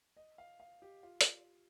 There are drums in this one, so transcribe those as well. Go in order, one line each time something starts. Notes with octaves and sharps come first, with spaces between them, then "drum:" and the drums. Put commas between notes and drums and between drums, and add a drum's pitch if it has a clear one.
D#5
F5
F5
G4
F4
drum: hi-hat